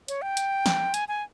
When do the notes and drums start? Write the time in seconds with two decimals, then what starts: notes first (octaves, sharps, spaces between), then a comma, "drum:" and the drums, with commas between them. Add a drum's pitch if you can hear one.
0.08 C#5, drum: hi-hat
0.22 G5
0.37 drum: hi-hat
0.66 drum: snare
0.94 G#5, drum: hi-hat
1.08 G#5